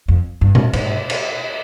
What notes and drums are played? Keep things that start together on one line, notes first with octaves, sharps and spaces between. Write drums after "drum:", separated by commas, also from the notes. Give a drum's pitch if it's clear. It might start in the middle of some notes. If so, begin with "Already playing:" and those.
F2
G2
drum: tom B2
G#2, drum: cymbal
drum: cymbal